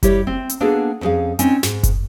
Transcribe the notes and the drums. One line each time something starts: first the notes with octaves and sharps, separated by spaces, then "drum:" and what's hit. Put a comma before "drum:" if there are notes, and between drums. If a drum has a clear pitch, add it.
G3 E4 G4 C#5, drum: kick F#1, hi-hat
C4
drum: hi-hat
A#3 B3 D4 F#4 G#4 A4
F2 C4 C#4 G#4 F5
C4 C#4 D#4 G#5, drum: hi-hat
G#2, drum: snare
drum: kick F#1, hi-hat